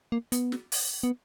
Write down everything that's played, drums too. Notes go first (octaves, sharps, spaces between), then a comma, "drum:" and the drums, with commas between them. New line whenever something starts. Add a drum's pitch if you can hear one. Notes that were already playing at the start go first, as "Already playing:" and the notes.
A#3
B3, drum: hi-hat
drum: snare
drum: open hi-hat
B3